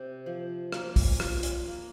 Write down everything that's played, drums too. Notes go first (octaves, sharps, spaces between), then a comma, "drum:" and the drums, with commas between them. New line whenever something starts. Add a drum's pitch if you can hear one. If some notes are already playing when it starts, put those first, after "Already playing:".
Already playing: C3
F3
A#3, drum: rim click
drum: kick, open hi-hat
F4, drum: rim click
drum: hi-hat
A#3